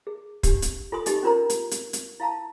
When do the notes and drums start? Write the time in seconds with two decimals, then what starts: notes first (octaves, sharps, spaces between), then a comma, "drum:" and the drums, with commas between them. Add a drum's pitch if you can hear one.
0.07 G#4
0.43 D4 G4, drum: kick, hi-hat
0.62 drum: hi-hat
0.92 F4 A4 G#5 C6 D#6
1.06 D#4 G4 D#5 G#5 D6, drum: hi-hat
1.23 C#4 D4 F4 A#4 C5 A#5
1.50 drum: hi-hat
1.71 drum: hi-hat
1.93 drum: hi-hat
2.20 E4 F5 A5 A#5